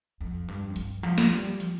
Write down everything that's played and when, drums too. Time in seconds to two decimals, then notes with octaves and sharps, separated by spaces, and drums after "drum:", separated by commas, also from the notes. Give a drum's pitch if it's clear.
0.21 F2
0.48 G2
0.70 F2
0.76 G2, drum: hi-hat
1.03 F3
1.18 drum: snare
1.32 G3
1.60 F3, drum: hi-hat